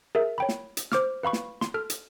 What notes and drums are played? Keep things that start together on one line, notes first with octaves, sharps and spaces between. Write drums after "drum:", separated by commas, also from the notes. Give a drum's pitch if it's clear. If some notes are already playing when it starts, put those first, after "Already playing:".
G#4 A#4 E5
C#5 G5 B5
drum: snare
drum: hi-hat
C5 D6 F6, drum: snare
B4 F5 B5 C#6
drum: snare
C6, drum: snare
A4 F6
drum: hi-hat